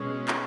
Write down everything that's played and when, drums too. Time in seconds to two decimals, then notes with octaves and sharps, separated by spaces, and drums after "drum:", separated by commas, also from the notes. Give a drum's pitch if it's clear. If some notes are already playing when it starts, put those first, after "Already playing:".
Already playing: B2 G#3 C#4
0.28 drum: clap